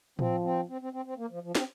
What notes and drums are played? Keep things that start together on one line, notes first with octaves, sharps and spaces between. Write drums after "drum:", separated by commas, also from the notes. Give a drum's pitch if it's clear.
F3 C4, drum: tom A2
C4
C4
C4
C4
C4
A#3
F3
F3
C4, drum: snare